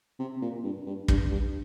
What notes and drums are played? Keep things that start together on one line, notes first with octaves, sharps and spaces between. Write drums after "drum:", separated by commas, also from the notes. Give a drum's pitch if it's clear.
C3
A#2
G2
G2
G2, drum: kick
G2